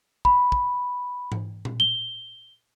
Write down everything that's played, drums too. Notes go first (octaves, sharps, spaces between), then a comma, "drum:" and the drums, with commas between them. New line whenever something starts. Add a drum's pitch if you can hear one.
B5, drum: kick
drum: kick
drum: tom G#2
drum: tom A#2
G7